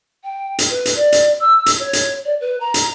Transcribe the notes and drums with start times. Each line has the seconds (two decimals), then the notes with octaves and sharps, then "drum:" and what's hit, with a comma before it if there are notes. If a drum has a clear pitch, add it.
0.24 G5
0.59 drum: hi-hat
0.70 B4
0.85 drum: hi-hat
0.96 D5
1.12 drum: hi-hat
1.40 E6
1.66 drum: hi-hat
1.80 C#5
1.93 drum: hi-hat
2.25 D5
2.41 B4
2.61 A#5
2.74 drum: hi-hat